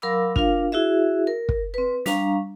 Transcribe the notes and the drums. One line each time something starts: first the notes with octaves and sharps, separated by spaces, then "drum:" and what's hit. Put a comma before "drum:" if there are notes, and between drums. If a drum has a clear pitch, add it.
F#3 A#4 F5 B5 D6 E6
D4 F4 A#4 F5, drum: kick
E4 F#4 G#4 E5
A#4
drum: kick
C4 B4
G3 D4 F5 A#5 C#6, drum: snare